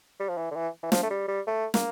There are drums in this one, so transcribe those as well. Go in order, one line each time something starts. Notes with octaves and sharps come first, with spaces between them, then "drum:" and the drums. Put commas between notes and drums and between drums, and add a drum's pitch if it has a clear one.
G3
F3
E3
D3
E3
E3
F3, drum: snare
A3
G3
G3
A3
A#3, drum: snare